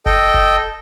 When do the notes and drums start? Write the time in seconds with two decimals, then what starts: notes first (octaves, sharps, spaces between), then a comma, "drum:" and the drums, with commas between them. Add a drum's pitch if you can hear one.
0.06 A4 D#5 G5, drum: kick F1
0.34 drum: kick F1